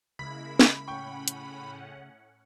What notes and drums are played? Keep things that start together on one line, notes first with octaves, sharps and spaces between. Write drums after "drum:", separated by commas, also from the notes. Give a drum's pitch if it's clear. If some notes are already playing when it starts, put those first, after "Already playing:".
C#3 G#3 A#3 E4 B5 B6
drum: snare
A2 C#4 F#5 G5 C#6
drum: hi-hat